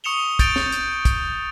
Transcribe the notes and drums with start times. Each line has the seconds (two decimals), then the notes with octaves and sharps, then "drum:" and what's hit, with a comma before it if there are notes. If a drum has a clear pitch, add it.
0.04 C#6 D#6 C#7 E7 F7 G7
0.39 G6 A6 D7 F7 G7, drum: kick, hi-hat
0.56 drum: snare
0.72 drum: hi-hat
1.05 drum: kick, hi-hat